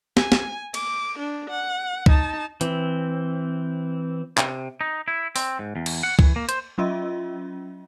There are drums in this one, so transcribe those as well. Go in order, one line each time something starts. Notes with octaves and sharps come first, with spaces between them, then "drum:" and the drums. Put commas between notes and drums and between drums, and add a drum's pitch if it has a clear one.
G#5, drum: snare
drum: snare
D6, drum: cymbal
D4
F#5
D#4 A5, drum: kick C#2
E3 C4, drum: hi-hat
C3, drum: clap
D#4
E4
C4, drum: open hi-hat
G#2
E2
drum: cymbal
F#5
E3, drum: kick C#2
A#3
C5, drum: hi-hat
F#3 C#4 F4 D#5 E5